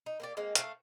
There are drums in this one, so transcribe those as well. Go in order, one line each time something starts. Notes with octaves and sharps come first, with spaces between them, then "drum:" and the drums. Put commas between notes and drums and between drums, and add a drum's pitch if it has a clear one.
D#4
A#3 G4 D5
G#3 A#3 C4
A3 F5, drum: hi-hat